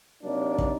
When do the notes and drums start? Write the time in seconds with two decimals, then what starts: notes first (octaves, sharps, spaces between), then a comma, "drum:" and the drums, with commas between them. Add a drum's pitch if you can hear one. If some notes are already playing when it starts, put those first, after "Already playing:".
0.20 C3 F#3 A#3 D4 D#4
0.58 drum: kick